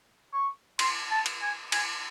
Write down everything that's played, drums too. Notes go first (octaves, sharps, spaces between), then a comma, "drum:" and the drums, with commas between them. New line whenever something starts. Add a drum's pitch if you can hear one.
C#6
C6, drum: cymbal
A5
drum: cymbal
G#5
G#5, drum: cymbal